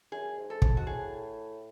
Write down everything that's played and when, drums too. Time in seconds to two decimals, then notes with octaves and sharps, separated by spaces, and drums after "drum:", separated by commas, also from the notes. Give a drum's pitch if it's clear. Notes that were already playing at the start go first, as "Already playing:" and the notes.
0.12 F#2 G#4
0.38 G#2
0.50 A4
0.62 G#2, drum: kick
0.77 F#4
0.86 A2 G#4